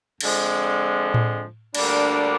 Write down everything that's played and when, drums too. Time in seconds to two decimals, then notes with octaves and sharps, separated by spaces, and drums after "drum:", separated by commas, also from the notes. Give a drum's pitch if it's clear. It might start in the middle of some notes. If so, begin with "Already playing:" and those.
0.21 F2 D3 F3 G#3, drum: cymbal
1.14 drum: tom A2
1.75 D2 D3 G3 A#3 D4, drum: cymbal